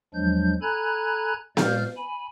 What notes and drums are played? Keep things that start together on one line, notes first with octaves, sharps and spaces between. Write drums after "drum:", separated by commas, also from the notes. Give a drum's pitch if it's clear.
E2 F3 F#3 G#3 D4 G6
A4 G#5 A#5 B5 F#6 G#6
A#2 G#3 D5 F5 F6 G6, drum: snare B3
G#5 B5